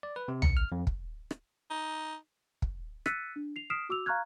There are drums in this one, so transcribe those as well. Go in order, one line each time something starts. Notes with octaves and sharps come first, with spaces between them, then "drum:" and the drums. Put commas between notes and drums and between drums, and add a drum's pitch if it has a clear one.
D5
B4
C3
C#7, drum: tom
F6
F2
drum: kick
drum: rim click
D#4
drum: kick
E6 F#6 A6 B6 C#7 D#7, drum: rim click
D4
C7 F7
D#6 F6 B6 C7 D7 E7
F#4 D6 E6 F7
F5 A#5 C#6 F6 F#6 G#6